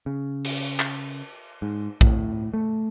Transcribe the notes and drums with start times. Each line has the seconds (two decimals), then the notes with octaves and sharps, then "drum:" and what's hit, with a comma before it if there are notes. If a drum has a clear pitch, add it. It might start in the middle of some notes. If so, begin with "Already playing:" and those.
0.06 C#3
0.44 drum: cymbal
0.80 drum: clap
1.62 G#2
2.01 A2, drum: kick
2.54 A3